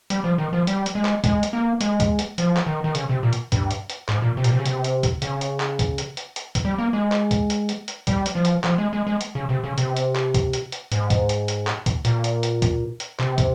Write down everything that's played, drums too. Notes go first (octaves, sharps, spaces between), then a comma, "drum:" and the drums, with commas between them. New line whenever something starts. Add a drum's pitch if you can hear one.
G3, drum: hi-hat
F3
D#3
F3
G3, drum: hi-hat
drum: hi-hat
G#3
drum: clap
G#3, drum: kick, hi-hat
drum: hi-hat
A#3
G#3, drum: hi-hat
drum: kick, hi-hat
drum: hi-hat
F3, drum: hi-hat
drum: clap
D#3
D#3
C#3, drum: hi-hat
C3
A#2
drum: hi-hat
G2, drum: kick, hi-hat
drum: hi-hat
drum: hi-hat
G#2, drum: clap
A#2
C3
A#2, drum: hi-hat
C3
C#3
C3, drum: hi-hat
drum: hi-hat
drum: kick, hi-hat
C#3, drum: hi-hat
drum: hi-hat
drum: clap
drum: kick, hi-hat
drum: hi-hat
drum: hi-hat
drum: hi-hat
drum: kick, hi-hat
G3
A#3
G#3
drum: clap
drum: kick, hi-hat
drum: hi-hat
drum: hi-hat
drum: hi-hat
G3, drum: kick, hi-hat
drum: hi-hat
F3
drum: hi-hat
F3, drum: clap
G#3
G#3
G#3
drum: hi-hat
C#3
C3
C#3
C3, drum: hi-hat
drum: hi-hat
drum: clap
drum: kick, hi-hat
drum: hi-hat
drum: hi-hat
G#2, drum: hi-hat
drum: kick, hi-hat
drum: hi-hat
drum: hi-hat
drum: clap
drum: kick, hi-hat
A#2, drum: hi-hat
drum: hi-hat
drum: hi-hat
drum: kick, hi-hat
drum: hi-hat
C3, drum: clap
drum: kick, hi-hat